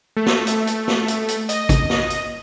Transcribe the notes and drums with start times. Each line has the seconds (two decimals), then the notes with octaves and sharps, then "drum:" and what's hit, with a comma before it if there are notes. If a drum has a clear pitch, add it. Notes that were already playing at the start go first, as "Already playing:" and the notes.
0.17 A3
0.26 drum: snare
0.47 drum: hi-hat
0.67 drum: hi-hat
0.88 drum: snare
1.08 drum: hi-hat
1.28 drum: hi-hat
1.49 D#5, drum: hi-hat
1.69 drum: kick G#1, hi-hat
1.90 drum: snare
2.10 drum: hi-hat